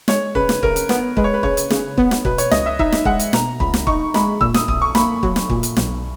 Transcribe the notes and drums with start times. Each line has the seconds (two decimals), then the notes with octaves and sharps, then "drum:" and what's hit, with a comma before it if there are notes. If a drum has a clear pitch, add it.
0.08 G#3 C#5, drum: snare
0.35 C#3 B4, drum: kick
0.49 drum: snare
0.63 C#3 A#4, drum: kick
0.76 drum: hi-hat
0.89 B3, drum: snare
1.17 G#3 B4, drum: kick
1.24 C#5
1.34 B4
1.43 C#3 C#5, drum: kick
1.57 drum: hi-hat
1.70 C#3, drum: snare
1.98 B3, drum: kick
2.11 drum: snare
2.25 B2 B4, drum: kick
2.38 C#5, drum: hi-hat
2.51 C#2 D#5, drum: snare
2.66 E5
2.79 D#4 E5, drum: kick
2.92 drum: snare
3.05 G#3 F#5, drum: kick
3.19 drum: hi-hat
3.33 B2 A#5, drum: snare
3.60 C#2 B5, drum: kick
3.74 drum: snare
3.87 D#4 C#6, drum: kick
4.14 G#3 B5, drum: snare
4.41 A#2 E6, drum: kick
4.54 D#6, drum: snare
4.68 B1 D#6, drum: kick
4.82 C#6
4.95 A#3 B5, drum: snare
5.23 F#3, drum: kick
5.36 drum: snare
5.50 A#2, drum: kick
5.63 drum: hi-hat
5.77 B1, drum: snare